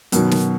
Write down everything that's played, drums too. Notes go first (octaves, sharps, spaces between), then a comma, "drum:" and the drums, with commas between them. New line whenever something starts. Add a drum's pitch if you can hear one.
F#2 B2 D#3 F#3, drum: hi-hat
drum: snare